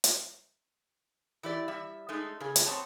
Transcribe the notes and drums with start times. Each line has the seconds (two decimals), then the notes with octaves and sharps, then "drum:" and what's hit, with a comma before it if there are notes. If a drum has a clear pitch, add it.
0.04 drum: hi-hat
1.43 E3 E4 G4 D5
1.68 G3 E5
2.09 G#3 A3 D#4
2.40 C#3 G#4
2.56 drum: hi-hat
2.66 B3 C4 C#5 A5